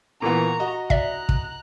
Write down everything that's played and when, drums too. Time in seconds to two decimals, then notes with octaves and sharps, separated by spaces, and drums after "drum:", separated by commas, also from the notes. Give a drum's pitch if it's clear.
0.22 A#2 E3 B3 A#5 C#6
0.60 F#4 D#5
0.90 D5 E5 A#5 F#6, drum: kick
1.29 drum: kick